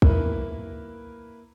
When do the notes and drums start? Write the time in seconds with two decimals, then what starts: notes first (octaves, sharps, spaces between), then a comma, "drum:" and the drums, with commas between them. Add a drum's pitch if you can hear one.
0.02 A#3 E4 A#4 B4, drum: kick